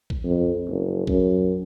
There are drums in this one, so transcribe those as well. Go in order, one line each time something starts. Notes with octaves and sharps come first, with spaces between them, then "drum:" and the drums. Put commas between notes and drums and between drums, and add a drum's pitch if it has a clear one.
drum: kick A#1
F2
F#1
F#2, drum: kick A#1